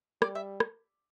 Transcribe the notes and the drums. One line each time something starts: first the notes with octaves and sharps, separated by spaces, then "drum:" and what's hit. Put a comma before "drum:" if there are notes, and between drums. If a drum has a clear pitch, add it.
G3 D5, drum: rim click
E5
drum: rim click